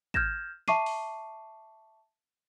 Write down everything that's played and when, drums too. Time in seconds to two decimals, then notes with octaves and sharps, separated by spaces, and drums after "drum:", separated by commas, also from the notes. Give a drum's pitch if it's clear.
0.14 F6 G6 G#6 A#6 E7, drum: kick
0.68 E5 A5 C#6 D6 C7 D#7, drum: snare
0.86 drum: open hi-hat